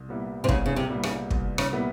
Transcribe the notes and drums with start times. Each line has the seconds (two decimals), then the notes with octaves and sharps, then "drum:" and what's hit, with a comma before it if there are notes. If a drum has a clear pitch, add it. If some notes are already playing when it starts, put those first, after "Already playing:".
Already playing: C2
0.09 A#2 G3 B3 E4
0.44 C3
0.49 C2 C#3, drum: kick
0.66 C#3
0.76 C3
0.90 A#2 G3 B3 E4
1.03 C#3, drum: rim click
1.30 C2, drum: kick
1.58 C#3, drum: rim click
1.72 A#2 G3 B3 E4